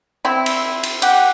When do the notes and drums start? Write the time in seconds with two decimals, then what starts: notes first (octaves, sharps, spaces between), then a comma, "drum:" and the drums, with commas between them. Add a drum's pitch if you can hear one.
0.25 C4 E4
0.46 drum: cymbal
0.83 drum: cymbal
1.02 G4 F#5, drum: cymbal